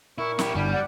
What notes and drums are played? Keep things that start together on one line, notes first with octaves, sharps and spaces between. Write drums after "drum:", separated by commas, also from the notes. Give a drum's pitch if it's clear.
A#2 E4 A#4 C#6
E4 G4, drum: snare
G1 G3 B3 C#4 D4 E4
D5 F#5